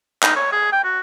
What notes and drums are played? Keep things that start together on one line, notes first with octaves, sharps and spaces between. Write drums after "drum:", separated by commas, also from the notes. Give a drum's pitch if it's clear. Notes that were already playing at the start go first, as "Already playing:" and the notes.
D#4, drum: clap
C#5
G#4
G5
F#4